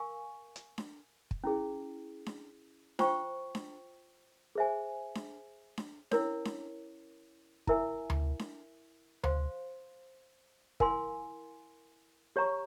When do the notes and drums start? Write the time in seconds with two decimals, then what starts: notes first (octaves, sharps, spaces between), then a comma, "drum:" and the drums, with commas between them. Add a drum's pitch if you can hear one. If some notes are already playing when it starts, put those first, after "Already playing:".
Already playing: A#4 F5 G#5 C#6
0.56 drum: hi-hat
0.78 drum: snare D4
1.31 drum: kick
1.44 C#4 E4 G#4
2.26 drum: snare D4
2.99 F4 C5 G5 C#6, drum: snare D4
3.55 drum: snare D4
4.55 G#4 C5 E5 G#5
5.15 drum: snare D4
5.78 drum: snare D4
6.11 C#4 E4 A#4 C#5, drum: snare D4
6.45 drum: snare D4
7.67 E4 A#4 E5 G#5, drum: kick
8.10 drum: tom D2
8.39 drum: snare D4
9.24 C5 F5 C6, drum: tom D2
10.80 E4 A#4 F5 G#5 C6, drum: kick
12.36 G4 C#5 F5 A#5 C#6